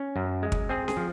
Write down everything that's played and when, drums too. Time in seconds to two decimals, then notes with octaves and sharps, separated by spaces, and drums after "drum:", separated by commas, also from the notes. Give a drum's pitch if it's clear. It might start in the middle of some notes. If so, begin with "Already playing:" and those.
Already playing: C#4
0.16 F#2
0.43 G#3
0.52 drum: kick
0.69 C4 G#4
0.88 G#4, drum: snare C#4
0.97 F3